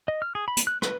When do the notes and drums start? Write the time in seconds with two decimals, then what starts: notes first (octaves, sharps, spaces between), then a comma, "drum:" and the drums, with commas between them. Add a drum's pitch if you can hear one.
0.08 D#5
0.22 F6
0.35 G#4
0.48 B5
0.57 drum: hi-hat
0.67 F#6
0.82 B4, drum: rim click